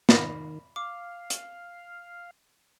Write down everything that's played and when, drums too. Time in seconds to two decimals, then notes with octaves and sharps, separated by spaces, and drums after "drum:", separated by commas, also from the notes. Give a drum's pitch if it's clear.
0.09 D#3 B5 A#6, drum: snare
0.76 F5 D6
1.30 drum: hi-hat